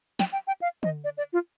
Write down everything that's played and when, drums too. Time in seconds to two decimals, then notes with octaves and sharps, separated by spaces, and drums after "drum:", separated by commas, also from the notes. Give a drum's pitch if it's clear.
0.19 G5, drum: snare
0.32 G5
0.47 G5
0.61 F5
0.83 D#5, drum: tom D3
1.04 D5
1.18 D5
1.33 F4